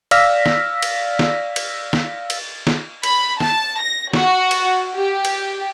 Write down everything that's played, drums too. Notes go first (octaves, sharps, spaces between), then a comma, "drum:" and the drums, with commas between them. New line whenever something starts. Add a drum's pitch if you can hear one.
D5 F5 E6 F6 A#6 B6, drum: cymbal
drum: snare
drum: cymbal
drum: snare
drum: cymbal
drum: snare
drum: cymbal
drum: snare
B5, drum: cymbal
A5, drum: snare
A#6
F#4, drum: snare
drum: cymbal
G4
drum: cymbal